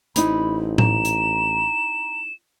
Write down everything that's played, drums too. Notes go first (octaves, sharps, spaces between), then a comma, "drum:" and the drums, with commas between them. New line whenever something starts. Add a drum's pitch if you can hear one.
A1 C4 D#4 E4 B5, drum: hi-hat
A#5 E7, drum: tom A2
drum: hi-hat